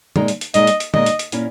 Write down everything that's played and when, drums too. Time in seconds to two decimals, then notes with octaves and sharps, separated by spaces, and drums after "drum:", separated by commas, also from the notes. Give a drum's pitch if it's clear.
0.16 A#2 G#3 D#4 A#4, drum: tom
0.28 drum: hi-hat
0.41 drum: hi-hat
0.54 A#2 G#3 D#4 A#4 D#5, drum: hi-hat
0.67 drum: hi-hat
0.80 drum: hi-hat
0.94 A#2 G#3 D#4 A#4 D#5, drum: tom
1.06 drum: hi-hat
1.19 drum: hi-hat
1.32 A#2 A#3 C#4 E4, drum: hi-hat